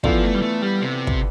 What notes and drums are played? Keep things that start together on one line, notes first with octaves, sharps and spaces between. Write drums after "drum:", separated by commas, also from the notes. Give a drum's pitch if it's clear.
E3 F3 B3 F4 A4 D5, drum: kick
A3
G3
A3
G3
C3
drum: kick